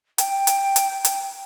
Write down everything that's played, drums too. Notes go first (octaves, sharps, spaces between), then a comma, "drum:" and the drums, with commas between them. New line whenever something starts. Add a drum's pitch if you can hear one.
G5, drum: hi-hat
drum: hi-hat
drum: hi-hat
drum: hi-hat